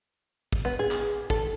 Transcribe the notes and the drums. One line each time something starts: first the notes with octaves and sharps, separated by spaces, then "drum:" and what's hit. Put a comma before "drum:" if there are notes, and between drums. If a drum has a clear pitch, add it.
drum: kick
B3
G#4
drum: clap
A4, drum: kick